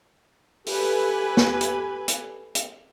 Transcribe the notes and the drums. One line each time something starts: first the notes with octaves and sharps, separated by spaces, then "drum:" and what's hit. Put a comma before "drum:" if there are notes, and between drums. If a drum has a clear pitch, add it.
G4 A4 B4 G#5, drum: open hi-hat
drum: snare
drum: hi-hat
drum: hi-hat
drum: hi-hat